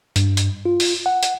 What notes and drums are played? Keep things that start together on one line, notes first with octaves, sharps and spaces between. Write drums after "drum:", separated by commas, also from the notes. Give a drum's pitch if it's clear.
G2, drum: hi-hat
drum: hi-hat
F4
drum: open hi-hat
F#5
drum: hi-hat